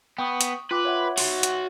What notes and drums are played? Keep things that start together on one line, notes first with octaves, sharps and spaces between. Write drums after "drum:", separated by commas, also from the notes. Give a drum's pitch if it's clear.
B3 G5 C#6 D#6
drum: hi-hat
F4 B4 G5 D6
C#5 E5 F#5
F#4 C6, drum: open hi-hat
drum: hi-hat